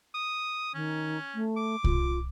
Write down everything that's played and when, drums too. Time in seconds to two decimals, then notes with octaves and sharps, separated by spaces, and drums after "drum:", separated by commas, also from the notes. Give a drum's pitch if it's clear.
0.15 D#6
0.74 D#3 C#4
1.35 A3
1.56 D6
1.84 F4, drum: kick C2